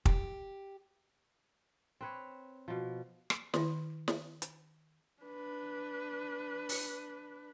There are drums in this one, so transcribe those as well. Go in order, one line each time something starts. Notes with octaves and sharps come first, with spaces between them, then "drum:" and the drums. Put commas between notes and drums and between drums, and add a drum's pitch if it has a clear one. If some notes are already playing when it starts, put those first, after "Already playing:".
G4, drum: kick
C4 B4 C#5
B2 F3
drum: rim click
D#3 E4, drum: snare
drum: snare
drum: hi-hat
D4 B4
drum: open hi-hat